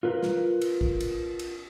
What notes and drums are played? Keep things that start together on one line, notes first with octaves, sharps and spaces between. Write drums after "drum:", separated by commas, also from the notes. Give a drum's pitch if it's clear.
F4 A#4 B4
drum: snare
drum: cymbal
drum: kick
drum: cymbal
drum: cymbal